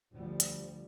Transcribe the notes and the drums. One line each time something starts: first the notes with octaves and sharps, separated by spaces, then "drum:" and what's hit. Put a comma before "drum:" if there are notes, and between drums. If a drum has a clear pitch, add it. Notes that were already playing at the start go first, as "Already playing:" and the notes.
D2 F3 G3
drum: hi-hat